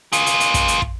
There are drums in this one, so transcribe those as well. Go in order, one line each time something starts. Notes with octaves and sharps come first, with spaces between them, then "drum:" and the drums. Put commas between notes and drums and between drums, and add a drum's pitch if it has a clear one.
F4 G#4, drum: hi-hat
drum: hi-hat
drum: hi-hat
drum: kick, hi-hat
drum: hi-hat
drum: kick